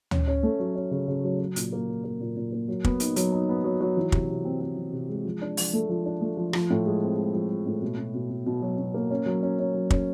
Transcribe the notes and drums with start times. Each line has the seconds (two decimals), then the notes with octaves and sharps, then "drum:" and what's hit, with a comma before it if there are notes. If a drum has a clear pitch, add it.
0.11 C#4, drum: tom D2
0.28 C#4
0.43 A3
0.60 F#3
0.75 C#4
0.91 C#3
1.08 C#3
1.24 F#3
1.39 F#3
1.56 A#2, drum: hi-hat
1.73 A#3
1.88 F#3
2.04 A#3
2.21 A#2
2.36 A#2
2.52 A#3
2.68 F#3
2.84 B3, drum: kick
3.00 D#4, drum: hi-hat
3.16 F#3, drum: hi-hat
3.32 D#4
3.49 B3
3.64 F#3
3.81 F#3
3.97 E3
4.12 C3, drum: kick
4.29 C3
4.45 C4
4.61 C4
4.77 E3
4.93 C3
5.09 G#3
5.25 F3
5.41 D4
5.57 F3, drum: open hi-hat
5.73 A3
5.89 F3
6.05 D4
6.21 A3
6.37 F3
6.53 F3, drum: rim click
6.70 A2
6.86 G#3
7.02 C4
7.17 G#3
7.34 F3
7.50 F3
7.66 A2
7.82 B2
7.98 B2
8.14 B2
8.31 B2
8.46 B2
8.62 F#3
8.79 B2
8.94 A#3
9.11 C#4
9.26 F#3
9.43 C#4
9.59 C#4
9.74 F#3
9.90 C#4, drum: kick